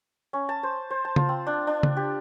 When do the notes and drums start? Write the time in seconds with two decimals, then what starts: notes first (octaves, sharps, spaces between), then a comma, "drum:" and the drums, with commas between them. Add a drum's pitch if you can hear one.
0.33 C#4
0.49 A5
0.63 C5
0.90 C5
1.05 A5
1.16 F4, drum: tom C#3
1.29 C4
1.47 D4
1.67 D4
1.83 drum: tom C#3
1.97 G4